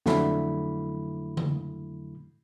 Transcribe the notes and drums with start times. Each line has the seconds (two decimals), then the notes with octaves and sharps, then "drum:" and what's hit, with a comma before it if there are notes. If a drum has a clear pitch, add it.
0.06 F2 D3 F#3 A3 E4 B5, drum: snare
1.37 drum: tom C#3